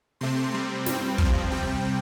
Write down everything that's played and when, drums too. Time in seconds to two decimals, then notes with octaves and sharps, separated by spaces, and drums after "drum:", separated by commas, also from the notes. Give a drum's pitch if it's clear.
0.21 C3 A3 C4 C6
0.54 C3 G3 C4
0.86 G2 G3 C4 G5, drum: snare
1.18 G2 F3 C4 F5, drum: kick
1.50 C3 G3 C4 G5